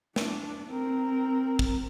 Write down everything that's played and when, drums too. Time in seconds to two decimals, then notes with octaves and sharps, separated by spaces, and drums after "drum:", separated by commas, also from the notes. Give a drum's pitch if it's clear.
0.16 D4, drum: snare
0.70 C4 A#4
1.59 drum: kick